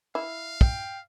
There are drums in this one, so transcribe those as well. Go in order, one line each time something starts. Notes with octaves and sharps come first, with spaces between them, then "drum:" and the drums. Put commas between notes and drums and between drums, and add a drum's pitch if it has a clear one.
E4 F5
G5, drum: kick